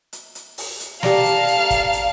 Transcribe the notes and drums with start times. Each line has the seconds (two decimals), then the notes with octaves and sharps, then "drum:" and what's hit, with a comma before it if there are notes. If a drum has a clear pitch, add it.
0.13 drum: hi-hat
0.35 drum: hi-hat
0.58 drum: open hi-hat
0.80 drum: hi-hat
1.03 G4 D5 F5 A5 A#5, drum: snare
1.25 drum: hi-hat
1.48 drum: hi-hat
1.70 drum: kick, hi-hat
1.93 drum: hi-hat